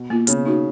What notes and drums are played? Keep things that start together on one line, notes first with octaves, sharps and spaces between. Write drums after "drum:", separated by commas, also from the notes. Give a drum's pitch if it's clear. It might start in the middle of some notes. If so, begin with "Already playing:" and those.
Already playing: B2
A#3 F4
C#3 B3, drum: hi-hat
D#4 F#4